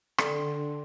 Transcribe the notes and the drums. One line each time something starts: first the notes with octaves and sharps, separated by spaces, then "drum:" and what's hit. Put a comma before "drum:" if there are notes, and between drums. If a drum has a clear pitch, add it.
D3 A4 D5 G5 C6, drum: rim click